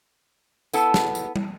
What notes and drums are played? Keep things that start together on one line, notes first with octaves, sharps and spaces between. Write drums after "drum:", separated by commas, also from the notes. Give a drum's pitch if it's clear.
B3 E4 A4 A5, drum: tambourine
drum: snare
drum: tambourine
drum: tom